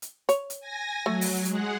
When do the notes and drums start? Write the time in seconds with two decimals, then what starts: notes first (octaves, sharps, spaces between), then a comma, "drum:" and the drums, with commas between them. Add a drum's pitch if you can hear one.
0.02 drum: hi-hat
0.29 C#5, drum: hi-hat
0.50 drum: hi-hat
0.60 G#5 A#6
1.06 F#3 A3
1.21 drum: open hi-hat
1.45 G#3 G#4 F#5, drum: hi-hat